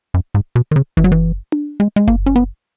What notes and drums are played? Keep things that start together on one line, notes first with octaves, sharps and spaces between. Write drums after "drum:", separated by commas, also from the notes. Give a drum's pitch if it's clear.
F#2
G#2
B2
D#3
C#3
E3, drum: kick F#1
F#3
E3
drum: tom D4
G#3
G#3
A#3, drum: kick F#1
C#4
B3